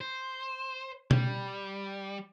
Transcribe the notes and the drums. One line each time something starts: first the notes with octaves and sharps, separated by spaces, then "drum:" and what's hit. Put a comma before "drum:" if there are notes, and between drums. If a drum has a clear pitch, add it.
C5
G3, drum: tom B2